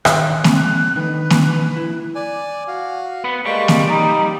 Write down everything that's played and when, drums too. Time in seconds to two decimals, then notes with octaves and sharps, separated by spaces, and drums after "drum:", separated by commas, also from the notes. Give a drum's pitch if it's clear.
0.05 D#3 C#5 F#6, drum: rim click
0.44 G#3 C4, drum: snare A#3
0.96 D#3 D4 D#4 B4
1.30 drum: snare A#3
1.76 E4
2.15 D5 G#5
2.68 F#4 F5
3.24 B3
3.46 G3 G#3 A#3 C#6
3.68 drum: snare A#3
3.90 D#4 G4